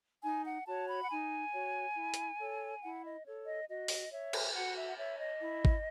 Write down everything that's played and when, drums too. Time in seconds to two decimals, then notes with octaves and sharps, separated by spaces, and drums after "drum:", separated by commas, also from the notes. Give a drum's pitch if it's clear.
0.23 D#4 G#5
0.45 F#5
0.66 F#4 C#5 A5
0.88 B5
1.02 F#5
1.09 D#4 G#5
1.53 F#4 C#5
1.96 E4
2.14 drum: hi-hat
2.38 A4 C#5
2.82 E4 F#5
3.04 D#5
3.25 A4 C#5
3.46 D#5
3.68 F#4 D#5
3.88 drum: open hi-hat
4.11 C#5 E5
4.33 drum: cymbal
4.54 F#4 F#5
4.76 E5
4.87 F#5
4.97 C#5 E5
5.19 D#5
5.40 E4
5.65 drum: kick G#1